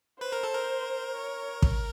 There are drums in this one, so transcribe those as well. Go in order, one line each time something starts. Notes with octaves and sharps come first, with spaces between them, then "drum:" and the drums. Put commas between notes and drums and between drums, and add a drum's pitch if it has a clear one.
B4 C5
A#4
A4
A#4
C#5
drum: kick